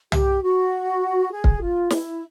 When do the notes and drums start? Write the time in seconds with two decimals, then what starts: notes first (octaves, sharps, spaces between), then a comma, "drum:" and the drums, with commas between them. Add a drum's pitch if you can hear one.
0.12 G4, drum: tom
0.42 F#4
1.31 G#4
1.44 drum: kick
1.61 F4
1.90 E4, drum: snare